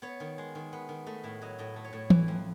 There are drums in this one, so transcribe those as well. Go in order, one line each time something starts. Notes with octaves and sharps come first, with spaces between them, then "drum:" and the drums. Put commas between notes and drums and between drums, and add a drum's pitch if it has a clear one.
B3 C#5
D#3
G#3
D#3
B3
D#3
A3 D#5
A2 E5
F#3 D#5
A2 D#5
A3
C#5
A2
E3, drum: tom E3
F2